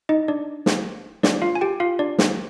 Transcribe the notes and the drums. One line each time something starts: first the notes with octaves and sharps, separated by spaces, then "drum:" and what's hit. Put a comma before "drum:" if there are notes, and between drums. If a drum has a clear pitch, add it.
D#4 D#5
D4 D5
drum: snare
D4 D5, drum: snare
F4 F5
G#5
G4 G5
F4 F5
D4 D5
drum: snare